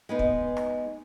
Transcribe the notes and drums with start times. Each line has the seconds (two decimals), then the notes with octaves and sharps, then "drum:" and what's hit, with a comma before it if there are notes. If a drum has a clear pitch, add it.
0.09 G#3 B3 D#4
0.19 drum: kick
0.57 drum: rim click